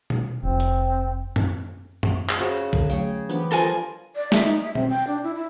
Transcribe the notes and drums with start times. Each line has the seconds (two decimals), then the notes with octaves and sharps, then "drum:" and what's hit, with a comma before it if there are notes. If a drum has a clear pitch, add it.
0.10 drum: tom B2
0.43 F1 C4
0.60 drum: hi-hat
1.36 drum: tom F#2
2.03 drum: tom F#2
2.29 drum: clap
2.40 C#3 F#4 C5
2.73 D3, drum: kick B1
2.90 F#3 A3 G#4 C#5 F5 G5
3.29 E3 B3 D4 G4
3.52 F3 G3 F4 A4 A#4 G#5
4.16 D5
4.32 E5, drum: snare
4.44 D#4
4.63 E5
4.75 C4, drum: tom B2
4.89 G5
5.07 D4
5.23 E4
5.35 E4